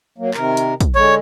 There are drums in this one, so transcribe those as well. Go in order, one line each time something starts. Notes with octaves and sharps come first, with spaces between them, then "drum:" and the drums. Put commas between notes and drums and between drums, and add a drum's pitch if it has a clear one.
F#3 A#3
C3 D#3 A#4, drum: clap
drum: hi-hat
drum: kick, hi-hat
D3 G#3 C#5